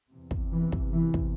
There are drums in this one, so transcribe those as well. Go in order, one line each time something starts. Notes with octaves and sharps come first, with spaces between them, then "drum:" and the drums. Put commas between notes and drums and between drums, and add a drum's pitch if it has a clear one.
E2 C3
drum: kick
E3
drum: kick
E3
drum: kick